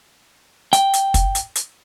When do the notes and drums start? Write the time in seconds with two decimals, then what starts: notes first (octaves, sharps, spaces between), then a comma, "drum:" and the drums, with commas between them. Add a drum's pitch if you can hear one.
0.73 G5, drum: hi-hat
0.93 drum: hi-hat
1.14 drum: kick, hi-hat
1.35 drum: hi-hat
1.55 drum: hi-hat